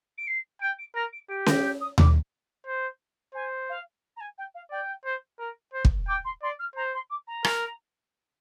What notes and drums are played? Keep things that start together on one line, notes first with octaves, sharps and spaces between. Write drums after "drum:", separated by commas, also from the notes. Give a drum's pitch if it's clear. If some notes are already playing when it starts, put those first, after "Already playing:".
D7
C7
G5 D7
D7
A#4 A#6
D7
G4 D7
A#6, drum: snare C#4
G6
D#6
D6, drum: tom D#2
C5
C5 G#5
F5
A#5
G#5
G5
F5
D5 G5
C5
A#4
C5
drum: kick
G5 D6
C6
D5 C6
F6
C5 A#5
C6
D6
A#5
A#4, drum: rim click